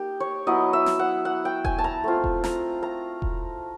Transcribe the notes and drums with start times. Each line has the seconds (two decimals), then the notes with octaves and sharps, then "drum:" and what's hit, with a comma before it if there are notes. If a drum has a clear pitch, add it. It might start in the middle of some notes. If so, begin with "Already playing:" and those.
Already playing: A#3 D#4 G4
0.20 C#5
0.47 F#3 B3 E4 D#5
0.73 E5
0.86 drum: snare
0.99 F#5
1.25 F#5
1.45 G5
1.65 G#5, drum: kick E1
1.78 A5
1.84 A#5
2.04 A3 C4 F4
2.24 drum: kick E1
2.44 A#5, drum: snare
2.83 A#5
3.22 drum: kick E1